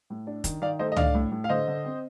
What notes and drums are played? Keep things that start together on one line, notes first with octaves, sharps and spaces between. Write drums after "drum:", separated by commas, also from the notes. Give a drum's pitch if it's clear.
A2
D4
D#3, drum: kick F1, hi-hat
D#3 D5 F5
A3 C5 D#5
D#5
D4 D5 F5, drum: tom C#2
A2
A2
F5
D3 C5 D#5
D3
C4